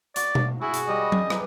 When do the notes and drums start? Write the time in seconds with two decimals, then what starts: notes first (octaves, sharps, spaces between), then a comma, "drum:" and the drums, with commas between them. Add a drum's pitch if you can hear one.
0.16 F#4 D5, drum: hi-hat
0.35 drum: tom B2
0.62 E4 F#4 G#4
0.74 drum: hi-hat
0.88 G3 D#5
1.12 drum: tom F#3
1.30 B4 A#5, drum: rim click